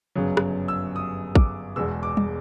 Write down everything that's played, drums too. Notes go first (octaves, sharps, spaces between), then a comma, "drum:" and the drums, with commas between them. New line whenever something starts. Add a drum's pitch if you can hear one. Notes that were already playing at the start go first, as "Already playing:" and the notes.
G1 F#2 C#3 F#3
drum: rim click
E6
D#6
D6, drum: kick
E1 E2 B2 G#3 E6
D6
drum: tom G3